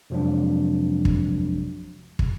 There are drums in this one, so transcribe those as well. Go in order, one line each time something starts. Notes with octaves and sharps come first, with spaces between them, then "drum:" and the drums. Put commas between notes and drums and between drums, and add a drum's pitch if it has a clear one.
F2 C3 F3 F#3 G#3 D4
drum: kick
drum: kick